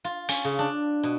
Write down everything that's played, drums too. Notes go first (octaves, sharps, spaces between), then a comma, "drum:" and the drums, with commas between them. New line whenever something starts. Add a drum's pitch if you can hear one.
F4
C#4, drum: open hi-hat
C#3
D4
B2